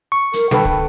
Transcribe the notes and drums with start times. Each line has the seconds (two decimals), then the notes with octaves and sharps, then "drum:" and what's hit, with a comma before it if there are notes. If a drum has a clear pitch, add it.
0.12 C#6
0.34 A#4, drum: hi-hat
0.51 D3 A4 B4 G5, drum: snare
0.65 drum: kick